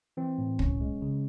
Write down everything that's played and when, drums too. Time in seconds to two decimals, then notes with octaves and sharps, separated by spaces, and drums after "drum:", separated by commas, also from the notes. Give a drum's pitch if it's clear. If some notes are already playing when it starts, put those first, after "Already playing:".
0.17 E3 C4
0.38 A2
0.59 B1 C#4, drum: kick
0.81 G#3
1.02 C#3